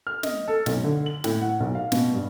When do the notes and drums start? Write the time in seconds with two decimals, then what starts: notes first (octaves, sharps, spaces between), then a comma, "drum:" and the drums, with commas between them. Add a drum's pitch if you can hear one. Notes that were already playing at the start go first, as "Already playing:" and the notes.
0.07 F6
0.23 D#5, drum: snare
0.48 A4
0.66 B1, drum: snare
0.84 D3
1.06 F#7
1.24 A2, drum: snare
1.41 F#5
1.60 B1
1.75 F5
1.92 B2, drum: snare
2.14 G2